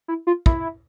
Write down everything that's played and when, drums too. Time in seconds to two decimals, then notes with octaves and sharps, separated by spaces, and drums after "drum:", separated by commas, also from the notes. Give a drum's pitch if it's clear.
0.08 E4
0.27 F4
0.46 E4, drum: kick